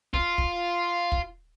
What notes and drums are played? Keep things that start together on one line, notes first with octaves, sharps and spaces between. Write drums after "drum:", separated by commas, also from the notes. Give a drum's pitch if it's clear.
F4, drum: kick
drum: kick
drum: kick